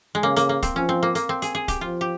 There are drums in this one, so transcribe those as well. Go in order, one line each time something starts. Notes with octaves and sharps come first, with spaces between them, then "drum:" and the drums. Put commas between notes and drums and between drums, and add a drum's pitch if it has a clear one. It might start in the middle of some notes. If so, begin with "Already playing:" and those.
G#3
C#3 A#3
A#3, drum: hi-hat
A#3
C4, drum: kick, hi-hat
F3 C#4
C4
A#3
A#3, drum: hi-hat
C4
G#4, drum: hi-hat
G#4
G4, drum: kick, hi-hat
F3 F4
G4